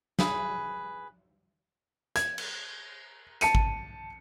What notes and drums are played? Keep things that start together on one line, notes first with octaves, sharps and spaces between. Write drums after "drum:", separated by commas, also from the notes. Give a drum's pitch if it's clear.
G#4 B4, drum: snare
G#6, drum: hi-hat
drum: cymbal
A5 C#7 D#7, drum: hi-hat
drum: kick G#1